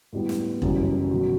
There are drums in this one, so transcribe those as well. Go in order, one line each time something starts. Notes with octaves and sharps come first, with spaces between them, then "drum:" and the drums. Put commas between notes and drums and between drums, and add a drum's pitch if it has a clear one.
A2 G3 B3
drum: snare
F#1 F#2 E3 G3 C#4, drum: kick E1
B2 F#3